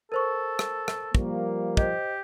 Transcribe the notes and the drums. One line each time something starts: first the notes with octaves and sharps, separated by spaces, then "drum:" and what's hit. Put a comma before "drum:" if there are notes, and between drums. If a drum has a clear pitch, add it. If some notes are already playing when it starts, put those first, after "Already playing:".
A4 A#4 C5 C#6
drum: rim click
drum: rim click
F3 G3 A#3, drum: kick
G4 C5 D#5, drum: kick